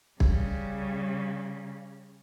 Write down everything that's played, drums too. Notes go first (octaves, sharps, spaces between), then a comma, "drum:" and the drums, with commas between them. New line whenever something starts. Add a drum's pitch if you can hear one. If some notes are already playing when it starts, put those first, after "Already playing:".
C#3 G3, drum: kick